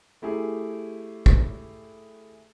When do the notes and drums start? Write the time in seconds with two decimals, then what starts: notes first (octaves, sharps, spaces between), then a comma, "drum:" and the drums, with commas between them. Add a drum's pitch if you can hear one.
0.22 A3 E4 G4 G#4
1.26 drum: kick